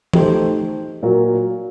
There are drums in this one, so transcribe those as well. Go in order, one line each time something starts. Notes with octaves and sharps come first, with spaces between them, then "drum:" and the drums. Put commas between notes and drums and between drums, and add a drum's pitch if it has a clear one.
A3 D#4 G4 C5, drum: tom E3
A#2 F#3 A#3